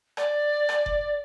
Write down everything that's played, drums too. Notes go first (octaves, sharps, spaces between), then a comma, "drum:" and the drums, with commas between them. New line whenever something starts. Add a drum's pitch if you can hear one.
D5, drum: rim click
drum: rim click
drum: kick F#1